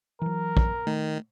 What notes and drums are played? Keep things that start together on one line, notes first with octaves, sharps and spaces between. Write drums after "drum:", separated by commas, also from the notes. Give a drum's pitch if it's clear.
E3 F#3 A#4
drum: kick
D#3 A3